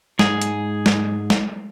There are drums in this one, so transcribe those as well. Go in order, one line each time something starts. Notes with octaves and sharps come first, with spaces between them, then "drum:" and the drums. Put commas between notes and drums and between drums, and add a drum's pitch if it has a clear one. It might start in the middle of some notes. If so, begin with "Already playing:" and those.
G#2 G#4, drum: snare
drum: hi-hat
drum: snare
drum: snare